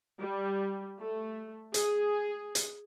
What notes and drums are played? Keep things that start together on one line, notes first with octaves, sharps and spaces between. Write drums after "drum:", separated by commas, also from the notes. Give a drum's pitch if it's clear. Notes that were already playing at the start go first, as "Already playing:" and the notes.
G3
A3
G#4, drum: hi-hat
drum: hi-hat